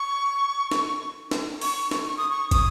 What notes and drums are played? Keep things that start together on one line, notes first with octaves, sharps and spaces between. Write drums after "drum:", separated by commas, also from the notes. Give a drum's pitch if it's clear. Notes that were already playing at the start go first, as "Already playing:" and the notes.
Already playing: C#6
drum: snare
drum: snare
C#6, drum: open hi-hat
drum: snare
C#6
D#6
C#6
D#6, drum: kick, hi-hat